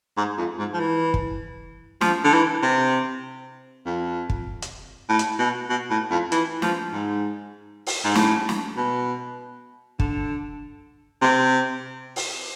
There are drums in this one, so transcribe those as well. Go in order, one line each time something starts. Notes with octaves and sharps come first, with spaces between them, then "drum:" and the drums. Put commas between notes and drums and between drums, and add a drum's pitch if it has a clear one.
G#2
F2
G#2
F3
E3
drum: kick
F3, drum: snare
D3
E3
C3
F2
drum: kick
drum: hi-hat
A2
drum: hi-hat
B2
B2
A2
F2
E3, drum: hi-hat
F3, drum: snare
G#2
drum: open hi-hat
G#2
A2, drum: snare
drum: snare
B2
D3, drum: kick
C3
drum: open hi-hat